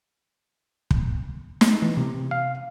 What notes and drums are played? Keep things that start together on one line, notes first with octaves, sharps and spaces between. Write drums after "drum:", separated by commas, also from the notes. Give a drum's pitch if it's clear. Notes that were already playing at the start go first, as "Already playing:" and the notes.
drum: kick
drum: snare
E3
C3
F5